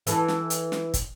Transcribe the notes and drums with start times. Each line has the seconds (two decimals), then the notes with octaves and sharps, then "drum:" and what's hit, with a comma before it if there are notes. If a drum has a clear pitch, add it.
0.07 E3 A4, drum: hi-hat
0.28 drum: snare
0.50 drum: hi-hat
0.72 drum: snare
0.94 drum: kick, hi-hat